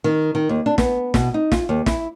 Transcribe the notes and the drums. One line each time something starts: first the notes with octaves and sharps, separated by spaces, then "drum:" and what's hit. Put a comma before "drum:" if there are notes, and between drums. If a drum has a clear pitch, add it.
D#3
D#3
D#2
D4
B3, drum: snare
B2, drum: snare
D#4
F4, drum: snare
D#2
E4, drum: snare